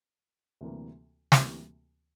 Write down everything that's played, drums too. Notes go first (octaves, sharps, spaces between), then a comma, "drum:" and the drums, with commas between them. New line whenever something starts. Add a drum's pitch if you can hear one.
D2 C3 E3 G3 A#3
D2 C3 E3 G3 A#3, drum: snare